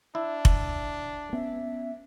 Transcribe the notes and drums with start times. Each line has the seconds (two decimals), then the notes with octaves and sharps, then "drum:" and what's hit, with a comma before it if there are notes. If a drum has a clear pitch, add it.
0.15 D4 E4
0.45 drum: kick F1
1.33 B3 C#4 E5